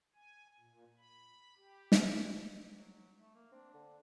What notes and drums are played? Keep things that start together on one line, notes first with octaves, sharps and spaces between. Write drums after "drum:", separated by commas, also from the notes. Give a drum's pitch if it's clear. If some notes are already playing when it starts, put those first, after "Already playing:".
G#5
A#2
B5
G4
drum: snare
F#3
A3
A#3
C4 D4
D3